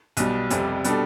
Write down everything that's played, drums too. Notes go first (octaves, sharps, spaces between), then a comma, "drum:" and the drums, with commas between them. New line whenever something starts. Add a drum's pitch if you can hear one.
B1 B2 G3, drum: hi-hat
F1 F2 C3 G3, drum: hi-hat
B2 G3 D4 A4, drum: hi-hat